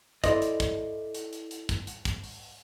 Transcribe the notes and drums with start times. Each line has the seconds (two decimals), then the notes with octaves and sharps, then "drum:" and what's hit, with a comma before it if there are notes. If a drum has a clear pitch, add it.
0.24 E4 A4 C5 D5 D#5, drum: kick, hi-hat
0.42 drum: hi-hat
0.60 drum: kick, hi-hat
1.15 drum: hi-hat
1.33 drum: hi-hat
1.51 drum: hi-hat
1.69 drum: kick, hi-hat
1.87 drum: hi-hat
2.05 drum: kick, hi-hat
2.24 drum: open hi-hat